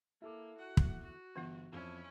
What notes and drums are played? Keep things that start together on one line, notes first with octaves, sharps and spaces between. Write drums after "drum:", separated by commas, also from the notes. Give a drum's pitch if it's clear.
A#3 E4 A4 D6
F#4 F#5
drum: kick
F#4
G1 E3 B3 F4
F2 F3 C#4 E4